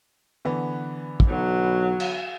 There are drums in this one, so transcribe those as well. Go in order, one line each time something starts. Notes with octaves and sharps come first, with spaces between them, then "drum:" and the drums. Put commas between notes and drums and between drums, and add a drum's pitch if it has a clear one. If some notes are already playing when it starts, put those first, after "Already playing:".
D3 E3 B3
drum: kick
B1 F#3
drum: cymbal